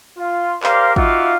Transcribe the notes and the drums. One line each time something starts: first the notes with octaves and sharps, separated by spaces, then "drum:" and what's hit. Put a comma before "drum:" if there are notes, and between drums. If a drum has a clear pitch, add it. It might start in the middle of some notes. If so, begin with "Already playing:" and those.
F4
G4 A#4 C5 D5 F5, drum: clap
D#4 F4 F#4 E5 F5 D6, drum: kick